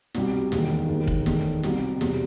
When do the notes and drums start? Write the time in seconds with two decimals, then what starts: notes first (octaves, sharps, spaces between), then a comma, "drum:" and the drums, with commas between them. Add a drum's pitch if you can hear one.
0.14 C2 B2 G3, drum: snare
0.52 E1 D#2 D#3, drum: snare
0.89 E1 D#2 D#3
1.08 drum: kick
1.26 E2 D#3 A3, drum: snare
1.63 C2 B2 G3, drum: snare
2.01 E2 C3 F#3, drum: snare